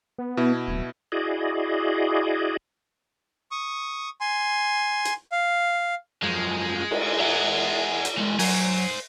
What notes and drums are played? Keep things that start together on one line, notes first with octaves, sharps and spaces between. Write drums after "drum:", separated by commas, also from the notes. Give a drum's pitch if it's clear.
B3
B2 E4
D1
E4 F#4 G#4 D5 D#5
C#6 D#6
G#5 C6
drum: hi-hat
F5
F#2 F3 G#3
drum: cymbal
E5 F#5
drum: hi-hat
E3 G#3
F#3 C5 G#5, drum: open hi-hat